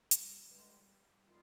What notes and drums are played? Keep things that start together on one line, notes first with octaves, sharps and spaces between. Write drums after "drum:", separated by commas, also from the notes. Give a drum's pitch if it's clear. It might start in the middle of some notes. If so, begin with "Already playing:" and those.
G3, drum: hi-hat
G2 D3 G3 G#3
D#3 G3 B3 F4